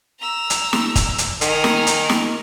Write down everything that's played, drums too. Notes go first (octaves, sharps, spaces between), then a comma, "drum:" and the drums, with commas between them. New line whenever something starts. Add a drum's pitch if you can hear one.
A#5 E6
drum: hi-hat
drum: snare
drum: kick, hi-hat
drum: hi-hat
D#3 G#5 A#5, drum: hi-hat
drum: snare
drum: hi-hat
drum: snare